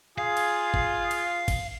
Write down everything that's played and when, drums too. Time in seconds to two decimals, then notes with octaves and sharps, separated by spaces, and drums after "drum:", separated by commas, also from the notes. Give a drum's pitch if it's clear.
0.18 F4 G#4 F5
0.37 drum: cymbal
0.74 drum: kick G1
1.11 drum: cymbal
1.48 drum: kick G1, cymbal